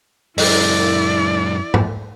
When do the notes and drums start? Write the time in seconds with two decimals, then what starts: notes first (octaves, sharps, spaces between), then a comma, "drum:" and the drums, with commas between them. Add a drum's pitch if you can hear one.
0.38 F#2 G#3 E4 D5, drum: open hi-hat
1.74 drum: tom G#2